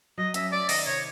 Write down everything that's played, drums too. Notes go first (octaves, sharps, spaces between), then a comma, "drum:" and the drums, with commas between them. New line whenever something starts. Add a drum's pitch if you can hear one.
F#3 D#5
C#4 E5, drum: hi-hat
A3 D5
D#3 D#5, drum: open hi-hat
C3 C#5